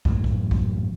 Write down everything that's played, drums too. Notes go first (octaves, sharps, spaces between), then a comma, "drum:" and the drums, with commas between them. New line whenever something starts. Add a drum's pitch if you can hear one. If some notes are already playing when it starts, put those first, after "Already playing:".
F#2 A2 E3 F#3, drum: kick
drum: kick
drum: kick